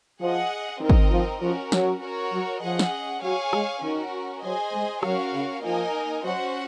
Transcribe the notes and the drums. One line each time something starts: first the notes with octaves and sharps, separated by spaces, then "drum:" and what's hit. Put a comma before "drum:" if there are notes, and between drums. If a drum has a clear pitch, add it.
F3 G#4 D#5 F#5
D#3 C4 D#4 A#4 D#5
drum: kick
F3
F3 C#4 F#4 A#4
F#3, drum: snare
F#4 A#4 C#5
F#3
F3 C#4 G#4 D#5 F#5
drum: snare
F#3 G#4 C#5 F5 G#5
G#3, drum: rim click
D#3 C#4 F#4 A#4
F#3 G#4 C5 D#5 G#5
G#3
F#3 C#4 F#4 A#4 C#5 F5, drum: rim click
C#3
F3 A#3 D#4 A#4 D#5 G#5
F#3 C#4 F#4 C5 F#5